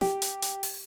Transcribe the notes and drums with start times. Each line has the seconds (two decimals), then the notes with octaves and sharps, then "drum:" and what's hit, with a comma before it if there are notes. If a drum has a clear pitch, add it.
0.01 G4, drum: snare
0.22 drum: hi-hat
0.42 drum: hi-hat
0.63 drum: open hi-hat